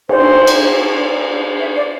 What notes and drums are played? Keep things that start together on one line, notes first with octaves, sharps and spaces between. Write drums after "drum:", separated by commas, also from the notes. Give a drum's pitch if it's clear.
C5, drum: cymbal
drum: cymbal
E5
D5